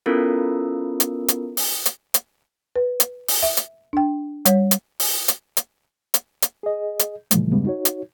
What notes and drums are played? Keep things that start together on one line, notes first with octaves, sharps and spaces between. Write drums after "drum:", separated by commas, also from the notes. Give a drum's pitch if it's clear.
B3 C#4 E4 F4 A4 A#4
drum: hi-hat
drum: hi-hat
drum: open hi-hat
drum: hi-hat
drum: hi-hat
B4
drum: hi-hat
drum: open hi-hat
E5
drum: hi-hat
D4 G5
G3 C#5, drum: hi-hat
drum: hi-hat
drum: open hi-hat
drum: hi-hat
drum: hi-hat
drum: hi-hat
drum: hi-hat
G#4 D#5
drum: hi-hat
A#2 C#3 E3 F3 G3 A3, drum: hi-hat
E2 G2 C#3 G3 G#3 B3
D#4 F#4 C#5
drum: hi-hat